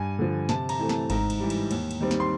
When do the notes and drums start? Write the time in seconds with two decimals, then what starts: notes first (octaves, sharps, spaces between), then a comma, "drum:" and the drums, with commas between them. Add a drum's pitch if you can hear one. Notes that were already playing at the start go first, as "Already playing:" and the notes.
Already playing: G2 G#5
0.19 D3 F3
0.49 C3 A5, drum: snare
0.69 A#5, drum: cymbal
0.79 E3 A3 C4
0.89 A5, drum: snare
1.10 G#2 A#5, drum: kick G#1, cymbal
1.30 drum: cymbal
1.40 E3 G3
1.50 drum: cymbal
1.71 D#2, drum: cymbal
1.91 drum: cymbal
2.01 D#3 G3 C4
2.11 drum: snare
2.20 C6